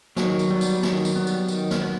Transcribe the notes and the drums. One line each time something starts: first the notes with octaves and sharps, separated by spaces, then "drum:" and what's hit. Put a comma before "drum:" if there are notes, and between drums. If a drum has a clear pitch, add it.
D#3 F#3, drum: snare
drum: tambourine
G3 B3
drum: tambourine
D#3, drum: snare
drum: tambourine
G3 B3
drum: tambourine
D#3, drum: tambourine
drum: snare
B3